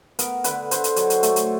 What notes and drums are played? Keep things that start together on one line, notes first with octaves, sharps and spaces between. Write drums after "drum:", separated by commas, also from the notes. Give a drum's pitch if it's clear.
B3 A#4, drum: hi-hat
D3 B4, drum: hi-hat
D3 C5, drum: hi-hat
drum: hi-hat
F#3, drum: hi-hat
drum: hi-hat
A3, drum: hi-hat
drum: hi-hat